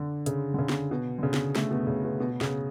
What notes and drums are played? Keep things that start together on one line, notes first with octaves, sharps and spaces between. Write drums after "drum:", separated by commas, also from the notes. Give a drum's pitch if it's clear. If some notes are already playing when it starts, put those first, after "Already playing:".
Already playing: D3
C#3, drum: hi-hat
D3
C#3
drum: snare
B2
D3
C#3
drum: snare
A3, drum: snare
B2
C#3
B2
B2
C#3, drum: snare